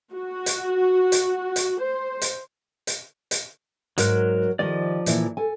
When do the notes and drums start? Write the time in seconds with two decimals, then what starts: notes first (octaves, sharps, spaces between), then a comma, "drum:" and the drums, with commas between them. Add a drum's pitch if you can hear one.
0.13 F#4
0.46 drum: hi-hat
1.12 drum: hi-hat
1.56 drum: hi-hat
1.81 C5
2.22 drum: hi-hat
2.87 drum: hi-hat
3.31 drum: hi-hat
3.98 G#2 F#3 A#4 F#6, drum: hi-hat
4.59 D#3 F3 G3 D5 D#5
5.06 A#2 E3, drum: hi-hat
5.37 A4 G#5